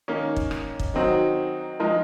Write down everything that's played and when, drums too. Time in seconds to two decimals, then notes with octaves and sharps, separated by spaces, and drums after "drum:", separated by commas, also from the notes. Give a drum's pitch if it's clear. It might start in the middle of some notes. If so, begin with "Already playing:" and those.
0.08 D#3 A#3 C#4
0.36 drum: kick
0.51 drum: rim click
0.80 drum: kick
0.94 D#3 F#3 C4 D#4 F#4
1.80 F3 G#3 D#4 A#4